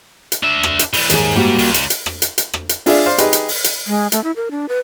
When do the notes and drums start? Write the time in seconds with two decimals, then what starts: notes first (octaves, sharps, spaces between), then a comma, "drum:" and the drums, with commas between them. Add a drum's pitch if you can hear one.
0.32 drum: hi-hat
0.43 D4 E5
0.63 drum: rim click
0.79 drum: hi-hat
0.93 E3 G3, drum: open hi-hat
1.10 D#2 G#2 G#4, drum: hi-hat
1.35 G3 A#3 F#4
1.59 C#2, drum: open hi-hat
1.74 drum: hi-hat
1.90 drum: hi-hat
2.06 drum: rim click
2.22 drum: hi-hat
2.38 drum: hi-hat
2.53 drum: rim click
2.69 drum: hi-hat
2.86 D4 F4 G#4 D5 E5, drum: open hi-hat
3.06 C5 D5 F5 C6
3.18 D#4 G4 G#4 B4, drum: hi-hat
3.33 drum: hi-hat
3.49 drum: open hi-hat
3.64 drum: hi-hat
3.87 G#3
4.12 A3, drum: hi-hat
4.24 E4
4.36 A#4
4.51 D4
4.69 B4